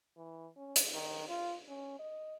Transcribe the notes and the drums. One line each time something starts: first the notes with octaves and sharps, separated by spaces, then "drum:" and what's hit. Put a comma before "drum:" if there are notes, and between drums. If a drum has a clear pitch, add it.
E3
C#4
drum: hi-hat
D#3
F4
C#4
D#5